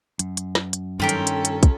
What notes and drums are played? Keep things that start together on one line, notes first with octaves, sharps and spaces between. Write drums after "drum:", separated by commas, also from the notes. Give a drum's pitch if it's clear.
F#2, drum: hi-hat
drum: hi-hat
drum: snare
drum: hi-hat
G2 D#3 C#4 F4 G4 A4 A#4
drum: hi-hat
drum: hi-hat
drum: hi-hat
drum: kick, hi-hat